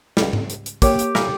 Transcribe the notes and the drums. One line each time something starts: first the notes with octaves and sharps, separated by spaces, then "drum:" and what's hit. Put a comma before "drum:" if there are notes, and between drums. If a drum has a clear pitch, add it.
C#2 G3, drum: snare
drum: tom G#2
drum: hi-hat
drum: hi-hat
A#3 G4 C#5, drum: kick, hi-hat
drum: hi-hat
A#2 E4 A#4, drum: snare